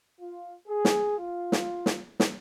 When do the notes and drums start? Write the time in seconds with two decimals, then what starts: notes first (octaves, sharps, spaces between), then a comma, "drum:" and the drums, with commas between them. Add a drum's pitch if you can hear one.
0.20 F4
0.68 G#4
0.85 drum: snare
1.18 F4
1.52 drum: snare
1.86 drum: snare
2.20 drum: snare